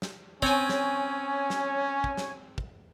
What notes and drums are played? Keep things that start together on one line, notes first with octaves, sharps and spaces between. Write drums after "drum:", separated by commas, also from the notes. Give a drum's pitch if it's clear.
drum: snare
C4 C#4 C#5 G#5, drum: kick
drum: snare
drum: snare
drum: kick
drum: snare
drum: kick